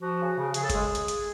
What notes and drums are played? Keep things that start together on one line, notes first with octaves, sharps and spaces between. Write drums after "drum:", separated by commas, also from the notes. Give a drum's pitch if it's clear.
F3 F#4
C#3
C#3
C#3 G#4, drum: hi-hat
A4
G#3 G#4, drum: kick, hi-hat
drum: hi-hat
drum: hi-hat